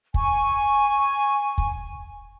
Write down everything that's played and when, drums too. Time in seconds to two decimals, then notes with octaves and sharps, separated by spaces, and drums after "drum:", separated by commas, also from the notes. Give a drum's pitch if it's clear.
0.14 G#5 C#6, drum: kick
1.58 drum: kick